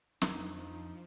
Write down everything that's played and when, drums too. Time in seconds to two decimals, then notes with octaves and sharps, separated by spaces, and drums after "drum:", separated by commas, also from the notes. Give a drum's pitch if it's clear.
0.22 F2 F3 D4 D#4, drum: snare
0.55 D#4